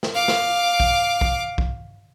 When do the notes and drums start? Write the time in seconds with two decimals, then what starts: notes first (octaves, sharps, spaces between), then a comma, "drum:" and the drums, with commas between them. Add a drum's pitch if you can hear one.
0.03 drum: snare
0.15 F5 D6
0.28 drum: snare
0.80 drum: kick
1.21 drum: kick
1.58 drum: kick